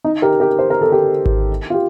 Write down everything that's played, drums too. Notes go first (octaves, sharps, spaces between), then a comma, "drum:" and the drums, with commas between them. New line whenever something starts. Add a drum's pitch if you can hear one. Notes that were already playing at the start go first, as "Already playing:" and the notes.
D#4
G4 A#4
G4 A#4
C5
A#4
A4
G4 A#4
drum: kick G#1
F4
G4